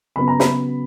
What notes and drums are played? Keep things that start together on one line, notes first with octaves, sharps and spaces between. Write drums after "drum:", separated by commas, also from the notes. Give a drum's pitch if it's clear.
C#3 F#3 B3 B5
A#5
B5, drum: snare